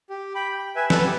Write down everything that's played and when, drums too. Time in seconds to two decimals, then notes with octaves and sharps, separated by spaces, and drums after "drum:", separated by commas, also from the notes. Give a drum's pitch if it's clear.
0.10 G4
0.35 G5 B5
0.52 G5
0.76 B4 E5 G#5
0.90 A4 B4, drum: snare
1.05 G4